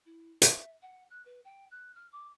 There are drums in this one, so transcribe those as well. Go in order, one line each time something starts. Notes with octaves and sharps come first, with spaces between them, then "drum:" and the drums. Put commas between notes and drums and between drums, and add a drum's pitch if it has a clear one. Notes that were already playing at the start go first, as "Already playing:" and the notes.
E4
E5, drum: hi-hat
F#5
F#6
B4
G5
F#6
F6
D6